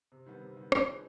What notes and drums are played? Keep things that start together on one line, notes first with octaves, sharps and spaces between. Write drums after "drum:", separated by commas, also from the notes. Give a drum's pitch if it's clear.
C3
D#3 G3 B3
C3
D#3 G3 B3
F3, drum: rim click
C4 D#4 G#4 B4